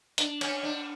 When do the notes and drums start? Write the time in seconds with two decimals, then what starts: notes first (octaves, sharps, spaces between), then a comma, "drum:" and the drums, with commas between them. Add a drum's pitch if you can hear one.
0.18 D4, drum: hi-hat
0.41 C#4, drum: cymbal
0.63 D4